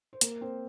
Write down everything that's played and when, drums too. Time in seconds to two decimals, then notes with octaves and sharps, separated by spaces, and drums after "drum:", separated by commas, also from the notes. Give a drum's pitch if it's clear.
0.13 C5
0.21 A#3 A#4, drum: hi-hat
0.41 C4 C5